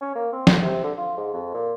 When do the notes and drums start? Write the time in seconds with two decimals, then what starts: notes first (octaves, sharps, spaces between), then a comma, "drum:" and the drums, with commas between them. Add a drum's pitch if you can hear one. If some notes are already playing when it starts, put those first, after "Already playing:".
0.01 C#4
0.15 A#3
0.32 C4
0.47 D3, drum: snare
0.62 C3
0.84 D3
0.98 F4
1.17 G#2
1.34 F2
1.54 A#2